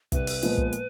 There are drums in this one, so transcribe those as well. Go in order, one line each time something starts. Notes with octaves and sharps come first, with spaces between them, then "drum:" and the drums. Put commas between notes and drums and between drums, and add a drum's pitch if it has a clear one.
C2 B4, drum: kick, hi-hat
drum: open hi-hat
A#2 F3 G#3 B3, drum: hi-hat
drum: kick
drum: hi-hat